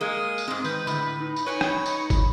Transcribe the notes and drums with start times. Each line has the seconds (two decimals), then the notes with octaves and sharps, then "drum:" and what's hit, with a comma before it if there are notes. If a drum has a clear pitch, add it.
0.01 G#3 A#3 G#4
0.38 drum: tambourine
0.47 G#2 G#3 C4
0.64 D#3 B4 G6, drum: tambourine
0.87 A2 D3 B5, drum: tambourine
1.20 D#4
1.36 drum: tambourine
1.46 D#4 B4 C#5 G5 G#5
1.61 drum: rim click
1.86 drum: tambourine
2.10 drum: kick, tambourine